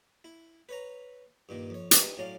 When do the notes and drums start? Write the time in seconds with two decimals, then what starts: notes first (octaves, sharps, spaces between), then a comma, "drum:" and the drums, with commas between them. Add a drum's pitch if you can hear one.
0.24 E4
0.69 B4 C#5 A#5
1.49 G2 A#2 D#3
1.70 F2 C#5
1.91 D4 D#4 G4 B4 E5, drum: hi-hat
2.17 A2 F#3 C#4 D5 F5